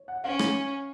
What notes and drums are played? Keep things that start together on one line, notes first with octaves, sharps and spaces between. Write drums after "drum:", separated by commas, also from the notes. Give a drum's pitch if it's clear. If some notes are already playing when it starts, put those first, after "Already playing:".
Already playing: C#5
F#5
C#4 F5
drum: rim click